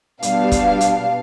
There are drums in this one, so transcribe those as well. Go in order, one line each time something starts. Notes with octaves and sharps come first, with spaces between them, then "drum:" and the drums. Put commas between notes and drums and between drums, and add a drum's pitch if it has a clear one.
B2 G3 B3 D4 F5, drum: hi-hat
drum: kick, hi-hat
drum: hi-hat